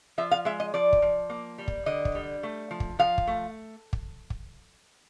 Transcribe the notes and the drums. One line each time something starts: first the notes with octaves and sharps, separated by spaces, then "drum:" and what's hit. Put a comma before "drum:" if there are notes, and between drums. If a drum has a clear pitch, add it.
F3 E5
F5
G#3 E5
D#5
F3 D5
drum: kick
F3
A#3
G3
drum: kick
D3 D#5
drum: kick
G3
A3
F3
drum: kick
F3 F5
drum: kick
A3
drum: kick
drum: kick